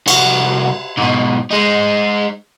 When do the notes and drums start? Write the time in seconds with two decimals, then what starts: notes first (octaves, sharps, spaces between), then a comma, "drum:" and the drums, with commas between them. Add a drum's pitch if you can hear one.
0.08 C2 F#4, drum: cymbal
0.98 G#2 B2
1.51 G#3 D#4